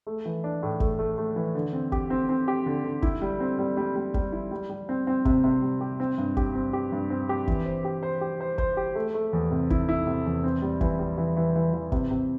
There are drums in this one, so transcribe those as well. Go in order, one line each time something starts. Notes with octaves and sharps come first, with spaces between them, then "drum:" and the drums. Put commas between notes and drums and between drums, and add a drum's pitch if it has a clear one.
A3
E3
D4
A2
A3, drum: kick
A3
A3
E3
D3
C4
G4, drum: kick
C4
C4
G4
D3
D3
E4, drum: kick
G3
C4
G3
G3
G3
G3, drum: kick
E4
G3
G3
C4
C4
C3, drum: kick
C3
G3
G4
C4
G2
G4, drum: kick
C4
G4
G2
C4
G4
E3, drum: kick
C5
G4
C5
G4
C5
C5, drum: kick
G4
A3
A3
E2
C3
E4, drum: kick
E4
C3
E2
C4
G3
E3, drum: kick
G3
E3
E3
E3
E3
C3, drum: kick
C3